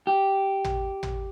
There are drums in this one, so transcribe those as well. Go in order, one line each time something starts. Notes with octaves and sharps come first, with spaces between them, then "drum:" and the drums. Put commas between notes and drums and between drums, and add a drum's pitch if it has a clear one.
G4
drum: tom
drum: tom